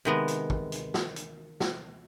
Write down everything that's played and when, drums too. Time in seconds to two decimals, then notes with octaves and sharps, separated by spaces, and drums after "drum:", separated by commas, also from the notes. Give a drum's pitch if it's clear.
0.05 C3 D#3 G#3 B3
0.28 drum: hi-hat
0.50 drum: kick
0.72 drum: hi-hat
0.94 drum: snare
1.16 drum: hi-hat
1.60 drum: snare